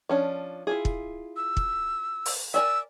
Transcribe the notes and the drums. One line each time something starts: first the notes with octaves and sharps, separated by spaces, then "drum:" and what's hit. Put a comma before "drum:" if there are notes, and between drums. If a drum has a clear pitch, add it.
F3 C#4 D4
E4 F4 G#4
drum: kick
E6
drum: kick
drum: open hi-hat
A#4 D5 G#5 E6